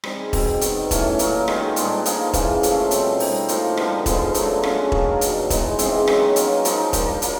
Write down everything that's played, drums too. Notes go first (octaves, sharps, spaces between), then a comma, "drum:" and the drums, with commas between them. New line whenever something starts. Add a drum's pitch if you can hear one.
G3 C4 D#4 G#4, drum: rim click
B2 G3 C4, drum: kick E1, open hi-hat
D#3 G3 B3, drum: hi-hat
A2 E3 A3 C#4, drum: kick E1, hi-hat
A#2 F#3 A#3, drum: hi-hat
D#3 G#3 B3, drum: rim click
A#2 G3 B3 D4, drum: hi-hat
F3 A#3 D#4 G#4, drum: hi-hat
C#3 E3 G3 A#3, drum: kick E1, hi-hat
A#2 F3 A3 C#4, drum: hi-hat
B2 G3 C4, drum: hi-hat
G3 C4 D#4, drum: open hi-hat
A2 F3 A#3, drum: hi-hat
D3 G3 B3, drum: rim click
F3 G#3 B3 D#4, drum: kick E1, hi-hat
D3 F#3 A3 D4, drum: hi-hat
G#3 C#4 F4, drum: rim click
D#3 F#3 A#3 D4, drum: kick E1
B2 G3 B3, drum: hi-hat
E3 G#3 B3 D#4, drum: kick E1, hi-hat
C#3 E3 G#3 C4, drum: hi-hat
D#3 F#3 B3, drum: rim click
F#3 A#3 C#4, drum: hi-hat
F3 A#3 D#4, drum: hi-hat
G3 A#3 D4, drum: kick E1, hi-hat
F#3 A#3, drum: hi-hat